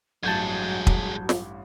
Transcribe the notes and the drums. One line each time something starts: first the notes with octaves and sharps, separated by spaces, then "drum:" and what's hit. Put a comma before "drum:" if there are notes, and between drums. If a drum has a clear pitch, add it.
A1 G2 F#3 G#3 F#4 A5 G6 G#6
drum: kick
drum: snare